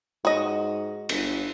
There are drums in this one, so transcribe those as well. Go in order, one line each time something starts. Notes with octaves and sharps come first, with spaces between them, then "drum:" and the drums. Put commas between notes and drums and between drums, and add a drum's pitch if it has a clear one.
G#2 F#4 D#5
G1, drum: cymbal